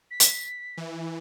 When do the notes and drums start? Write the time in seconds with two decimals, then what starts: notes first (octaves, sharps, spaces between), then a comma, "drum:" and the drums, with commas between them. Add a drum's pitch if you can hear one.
0.11 B6
0.20 drum: hi-hat
0.77 E3